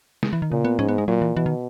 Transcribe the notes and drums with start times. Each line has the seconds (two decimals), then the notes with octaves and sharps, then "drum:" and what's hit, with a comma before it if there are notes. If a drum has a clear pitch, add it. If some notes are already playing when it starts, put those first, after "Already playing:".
0.23 G#3, drum: snare
0.33 E3
0.42 D#3
0.51 A#2 C#3
0.65 B3
0.79 G#2 C#4, drum: tom
0.89 B3
0.98 G#3
1.08 A#2 F#3
1.22 E3
1.36 B2 E3
1.46 D#3